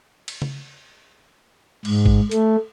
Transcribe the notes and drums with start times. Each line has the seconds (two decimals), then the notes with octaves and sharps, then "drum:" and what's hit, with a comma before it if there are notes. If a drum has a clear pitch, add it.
0.28 drum: cymbal
0.42 drum: tom C#3
1.85 G#2, drum: cymbal
2.06 drum: kick G#1
2.31 A3, drum: hi-hat